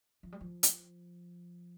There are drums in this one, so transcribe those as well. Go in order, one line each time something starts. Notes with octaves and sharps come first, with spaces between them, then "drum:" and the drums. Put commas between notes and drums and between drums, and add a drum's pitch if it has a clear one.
F3
G3
F3
drum: hi-hat